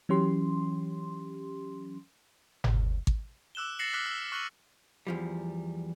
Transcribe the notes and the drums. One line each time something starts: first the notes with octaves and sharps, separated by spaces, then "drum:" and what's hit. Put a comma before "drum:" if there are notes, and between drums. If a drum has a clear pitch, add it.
E3 F#3 C#4 G4 C6
drum: tom G1
drum: kick G#1
D6 E6 F#6 E7 G7
A6 A#6 C7 C#7 E7 F#7
D6 F6 F#6 B6
E6
C#6 F6 F#6 C7 F#7
E2 F3 G3